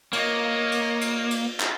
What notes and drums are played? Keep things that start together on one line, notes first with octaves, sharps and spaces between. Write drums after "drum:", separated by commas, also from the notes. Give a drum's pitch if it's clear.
A#3 C#5 D#5, drum: cymbal
drum: cymbal
drum: cymbal
drum: cymbal
drum: clap